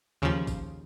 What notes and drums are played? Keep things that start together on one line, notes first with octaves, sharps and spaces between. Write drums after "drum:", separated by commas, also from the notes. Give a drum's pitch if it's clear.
D#2 C#3 F3
drum: kick, tambourine